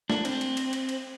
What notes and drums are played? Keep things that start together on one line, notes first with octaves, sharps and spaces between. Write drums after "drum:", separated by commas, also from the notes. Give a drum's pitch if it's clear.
D4, drum: snare
C4, drum: cymbal
drum: cymbal
drum: cymbal
drum: cymbal
drum: cymbal